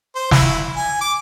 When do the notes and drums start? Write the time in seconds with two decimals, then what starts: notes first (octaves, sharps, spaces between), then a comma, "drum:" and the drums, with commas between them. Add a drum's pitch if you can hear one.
0.15 C5
0.31 E4, drum: snare
0.76 G#5
1.01 D6